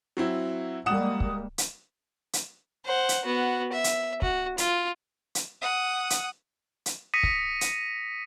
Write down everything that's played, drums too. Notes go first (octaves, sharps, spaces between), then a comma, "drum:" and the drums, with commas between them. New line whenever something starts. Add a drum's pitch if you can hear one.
F#3 C4 E4
G3 G#3 A#3 F#5 D#6 E7
drum: kick
drum: hi-hat
drum: hi-hat
C5 F#5
drum: hi-hat
B3 F#4
E5
drum: hi-hat
F#4, drum: kick
F4, drum: hi-hat
drum: hi-hat
F#5 D#6
drum: hi-hat
drum: hi-hat
D#6 A#6 B6 C#7 D#7
drum: kick
drum: hi-hat